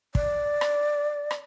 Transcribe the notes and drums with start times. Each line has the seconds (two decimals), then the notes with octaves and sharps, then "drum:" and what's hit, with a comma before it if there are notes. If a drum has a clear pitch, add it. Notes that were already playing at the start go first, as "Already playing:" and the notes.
0.15 D5, drum: kick
0.61 drum: rim click
1.31 drum: rim click